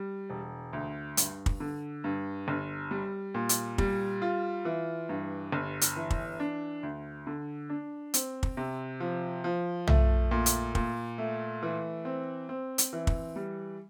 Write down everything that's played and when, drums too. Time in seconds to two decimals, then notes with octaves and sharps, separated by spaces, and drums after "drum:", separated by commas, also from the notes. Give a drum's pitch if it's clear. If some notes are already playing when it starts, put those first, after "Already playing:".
Already playing: G3
0.30 E1
0.73 D2
1.17 G2, drum: hi-hat
1.46 drum: kick
1.60 D3
2.04 G2
2.48 G1
2.91 G3
3.35 A#2
3.49 drum: hi-hat
3.78 G3, drum: kick
4.22 F4
4.65 E3
5.09 G2
5.52 G1
5.81 drum: hi-hat
5.96 E3
6.10 drum: kick
6.40 D4
6.83 D2
7.27 D3
7.70 D4
8.14 C4, drum: hi-hat
8.43 drum: kick
8.57 C3
9.00 F3
9.44 F3
9.87 A3, drum: tom
10.31 A#2
10.46 drum: hi-hat
10.75 A#2, drum: kick
11.18 A3
11.63 E3
12.05 C4
12.49 C4
12.78 drum: hi-hat
12.93 E3
13.07 drum: kick
13.36 G3